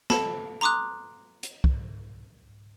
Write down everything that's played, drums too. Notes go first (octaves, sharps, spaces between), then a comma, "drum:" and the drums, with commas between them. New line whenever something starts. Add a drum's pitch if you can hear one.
A4 A5 B5, drum: snare
A#5 C6 D6 D#6 F#6
drum: hi-hat
drum: kick